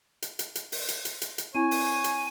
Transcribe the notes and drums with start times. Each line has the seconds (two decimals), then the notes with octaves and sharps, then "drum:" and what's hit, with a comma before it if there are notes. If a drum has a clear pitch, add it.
0.22 drum: hi-hat
0.39 drum: hi-hat
0.55 drum: hi-hat
0.72 drum: open hi-hat
0.89 drum: hi-hat
1.05 drum: hi-hat
1.22 drum: hi-hat
1.38 drum: hi-hat
1.55 C4 E4 C#5 G#5
1.71 drum: open hi-hat
2.04 drum: hi-hat